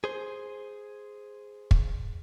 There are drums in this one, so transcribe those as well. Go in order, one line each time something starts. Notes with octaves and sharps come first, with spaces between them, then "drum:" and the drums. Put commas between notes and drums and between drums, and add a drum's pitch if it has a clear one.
G#4 C5
drum: kick